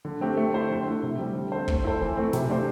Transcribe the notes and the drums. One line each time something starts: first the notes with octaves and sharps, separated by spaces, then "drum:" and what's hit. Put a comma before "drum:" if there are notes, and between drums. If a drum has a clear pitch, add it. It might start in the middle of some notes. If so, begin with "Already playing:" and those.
D3
A3 C4 G4
A3
E4 G4 C5
D3
A3 E4
C3
G3 C4 G4
D3
C4 A4 C5
A3, drum: kick
E4 A4 C5
E3
A3 C4
C3, drum: snare
A3 D4 G4 C5